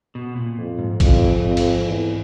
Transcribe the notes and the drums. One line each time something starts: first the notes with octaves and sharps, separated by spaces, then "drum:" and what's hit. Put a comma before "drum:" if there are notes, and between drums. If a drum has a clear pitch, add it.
B2
A#2
F2
G#2
F2 G#2, drum: kick A1, cymbal
F2
drum: cymbal
E2